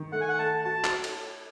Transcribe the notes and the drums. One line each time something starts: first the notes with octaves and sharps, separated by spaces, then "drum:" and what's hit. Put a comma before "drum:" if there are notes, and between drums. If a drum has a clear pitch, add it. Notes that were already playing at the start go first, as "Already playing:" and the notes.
Already playing: D#3
A3 F#5
G#5
F#5
A3 A5
F#4 A5
drum: clap
drum: cymbal